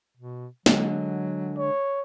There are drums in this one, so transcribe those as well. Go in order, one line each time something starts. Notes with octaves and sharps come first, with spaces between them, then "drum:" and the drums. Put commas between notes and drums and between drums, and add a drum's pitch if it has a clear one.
B2
D3 F#3 G#3, drum: snare
C#5